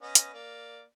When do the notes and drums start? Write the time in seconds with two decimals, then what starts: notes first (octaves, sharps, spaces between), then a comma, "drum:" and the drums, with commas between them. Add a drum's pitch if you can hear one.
0.01 B3 C#4 D#5
0.15 drum: hi-hat
0.33 A#3 D5